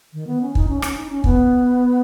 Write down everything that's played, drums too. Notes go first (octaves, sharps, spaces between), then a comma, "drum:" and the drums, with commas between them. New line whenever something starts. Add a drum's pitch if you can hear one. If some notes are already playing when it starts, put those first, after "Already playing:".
D#3
B3
C#4
D#4, drum: kick
C#4
C#4, drum: rim click
D#4
C#4
B3, drum: kick